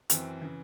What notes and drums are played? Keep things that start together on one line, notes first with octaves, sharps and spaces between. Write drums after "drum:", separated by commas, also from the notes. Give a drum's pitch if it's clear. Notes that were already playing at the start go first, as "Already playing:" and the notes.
F#2 E3 C4, drum: hi-hat
C#3 E3